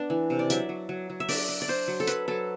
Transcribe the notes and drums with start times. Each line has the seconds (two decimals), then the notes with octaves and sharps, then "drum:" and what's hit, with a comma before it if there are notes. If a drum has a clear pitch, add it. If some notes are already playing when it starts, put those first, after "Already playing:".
Already playing: B3 D4
0.10 E3
0.30 C3
0.39 D5
0.50 F#3 E5, drum: hi-hat
0.69 F#3
0.89 F#3
1.10 F#3
1.20 E5
1.29 D4 D5, drum: open hi-hat
1.49 D4
1.62 D5
1.68 D4 C5
1.88 F#3
2.00 A4
2.07 F#3 B4, drum: hi-hat
2.28 F#3 A4